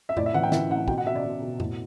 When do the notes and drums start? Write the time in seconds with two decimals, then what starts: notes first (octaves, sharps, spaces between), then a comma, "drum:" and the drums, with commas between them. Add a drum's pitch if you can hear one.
0.09 E5
0.17 A2 D5, drum: tom F2
0.26 E5
0.34 E3 F#5
0.43 G5
0.52 E3 E5, drum: snare
0.71 A2 F#5
0.88 B2 G5, drum: kick
0.98 F#5
1.06 B2 E5
1.16 D5
1.24 B2
1.42 B2
1.60 A2, drum: tom F2